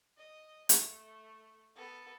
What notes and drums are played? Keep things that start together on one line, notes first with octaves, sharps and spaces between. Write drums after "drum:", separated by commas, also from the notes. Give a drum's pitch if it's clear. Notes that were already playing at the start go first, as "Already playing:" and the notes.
D#5
A3, drum: hi-hat
B3 A4